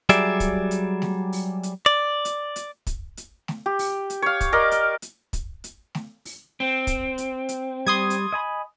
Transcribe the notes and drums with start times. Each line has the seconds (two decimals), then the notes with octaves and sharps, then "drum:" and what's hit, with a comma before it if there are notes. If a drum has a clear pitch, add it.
0.09 F#3 G3 G#4 D5 E5, drum: hi-hat
0.40 drum: kick, hi-hat
0.71 drum: hi-hat
1.02 drum: snare A3
1.33 drum: open hi-hat
1.63 drum: hi-hat
1.86 D5
2.25 drum: hi-hat
2.56 drum: hi-hat
2.87 drum: kick, hi-hat
3.17 drum: hi-hat
3.48 drum: snare A3
3.66 G4
3.79 drum: open hi-hat
4.10 drum: hi-hat
4.22 C#5 F5
4.41 drum: kick, hi-hat
4.52 A#4 D5 D#5
4.71 drum: hi-hat
5.02 drum: hi-hat
5.33 drum: kick, hi-hat
5.64 drum: hi-hat
5.95 drum: snare A3
6.25 drum: open hi-hat
6.60 C4
6.87 drum: kick, hi-hat
7.18 drum: hi-hat
7.49 drum: hi-hat
7.87 G3 C6 D#6 G#6
8.10 drum: hi-hat
8.33 D#5 G#5 B5